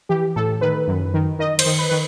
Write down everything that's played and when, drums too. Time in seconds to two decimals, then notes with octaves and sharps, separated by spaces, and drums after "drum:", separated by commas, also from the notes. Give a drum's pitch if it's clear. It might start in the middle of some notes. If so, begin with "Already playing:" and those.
0.09 E3 G4
0.36 A2 A4
0.61 D#3 B4
0.88 F#2
1.14 D#3
1.39 D#3 D#5
1.59 C5, drum: cymbal
1.66 D#3
1.79 B4
1.89 D#3 B4